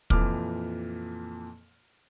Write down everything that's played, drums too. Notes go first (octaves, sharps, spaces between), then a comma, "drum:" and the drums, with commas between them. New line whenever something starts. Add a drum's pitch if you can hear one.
F2 A#2 E3 D6 F6, drum: kick